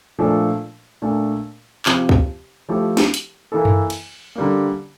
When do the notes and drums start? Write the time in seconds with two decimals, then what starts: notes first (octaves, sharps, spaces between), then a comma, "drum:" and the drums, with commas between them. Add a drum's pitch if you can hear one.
0.18 A#2 F3 A3 D4 A4
1.02 A#2 A3 D4
1.86 C3 F3 C4 G4, drum: clap
2.09 drum: kick
2.69 F3 A3 E4 G4
2.97 drum: snare
3.14 drum: hi-hat
3.52 E3 A#3 E4 A4
3.65 drum: tom F#2
3.90 drum: cymbal
4.36 D3 G3 A#3